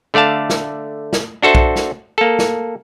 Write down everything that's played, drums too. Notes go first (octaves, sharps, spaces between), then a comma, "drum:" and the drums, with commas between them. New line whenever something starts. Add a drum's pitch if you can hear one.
D3 A3 D5 F5 A5
drum: snare
drum: snare
D4 F#4 A4 C5 E5
drum: kick B1
drum: snare
A#3 A4
drum: snare